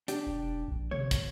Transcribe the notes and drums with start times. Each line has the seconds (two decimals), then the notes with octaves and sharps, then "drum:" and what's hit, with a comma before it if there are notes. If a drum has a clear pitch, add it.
0.08 D4 G4, drum: hi-hat
0.27 E1
0.68 A#1
0.91 C3 C#5
1.11 drum: kick, hi-hat